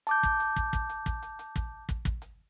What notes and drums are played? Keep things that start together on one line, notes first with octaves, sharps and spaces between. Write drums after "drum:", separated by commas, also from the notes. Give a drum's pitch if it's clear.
A5 D6 G6, drum: hi-hat
drum: kick
drum: hi-hat
drum: kick
drum: kick, hi-hat
drum: hi-hat
drum: kick, hi-hat
drum: hi-hat
drum: hi-hat
drum: kick, hi-hat
drum: kick, hi-hat
drum: kick, hi-hat
drum: hi-hat